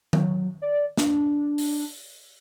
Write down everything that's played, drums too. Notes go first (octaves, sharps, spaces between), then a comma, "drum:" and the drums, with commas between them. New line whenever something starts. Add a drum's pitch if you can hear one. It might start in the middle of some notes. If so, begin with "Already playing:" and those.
F#3, drum: tom D#3
D5
D4, drum: snare
drum: open hi-hat